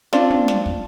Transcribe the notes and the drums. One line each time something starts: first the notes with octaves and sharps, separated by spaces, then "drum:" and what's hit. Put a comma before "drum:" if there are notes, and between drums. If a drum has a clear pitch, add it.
C4 D4 F4, drum: snare
drum: tom
drum: snare
drum: kick